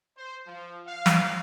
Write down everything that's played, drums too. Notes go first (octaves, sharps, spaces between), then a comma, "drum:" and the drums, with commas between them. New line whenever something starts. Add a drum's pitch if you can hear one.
C5
F3
F5
drum: snare